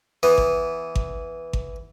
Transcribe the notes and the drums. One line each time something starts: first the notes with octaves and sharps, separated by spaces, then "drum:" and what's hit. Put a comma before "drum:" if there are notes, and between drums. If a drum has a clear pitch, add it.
E3 B3
drum: kick G#1
drum: kick G#1
drum: kick G#1